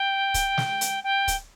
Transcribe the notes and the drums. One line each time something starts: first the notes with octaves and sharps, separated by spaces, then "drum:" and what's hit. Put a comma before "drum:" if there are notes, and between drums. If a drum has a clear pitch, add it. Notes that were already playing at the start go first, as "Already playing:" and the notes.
Already playing: G5
drum: kick, hi-hat
drum: snare
drum: hi-hat
G5
drum: kick, hi-hat